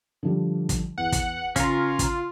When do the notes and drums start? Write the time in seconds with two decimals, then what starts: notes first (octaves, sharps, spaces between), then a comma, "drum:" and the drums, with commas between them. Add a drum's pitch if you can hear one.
0.23 D3 F3 G3
0.69 drum: kick, hi-hat
0.98 E2 F#5
1.12 drum: kick, hi-hat
1.56 C#3 C#4 F4 A#4, drum: kick, hi-hat
1.99 drum: kick, hi-hat